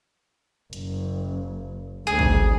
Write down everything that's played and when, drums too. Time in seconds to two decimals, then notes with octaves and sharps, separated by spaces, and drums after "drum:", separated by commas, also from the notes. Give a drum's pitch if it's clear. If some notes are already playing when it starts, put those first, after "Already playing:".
0.73 F#1, drum: hi-hat
2.07 D2 G#4
2.19 drum: kick